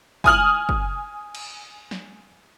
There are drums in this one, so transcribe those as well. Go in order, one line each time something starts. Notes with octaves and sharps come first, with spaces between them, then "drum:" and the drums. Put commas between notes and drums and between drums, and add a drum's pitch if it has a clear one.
G#5 D#6 F6 F#7, drum: kick
drum: kick
drum: cymbal
drum: snare